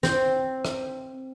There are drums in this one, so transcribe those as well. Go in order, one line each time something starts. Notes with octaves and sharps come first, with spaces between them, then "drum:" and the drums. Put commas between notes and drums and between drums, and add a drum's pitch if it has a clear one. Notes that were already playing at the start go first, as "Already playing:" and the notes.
C4, drum: snare
drum: rim click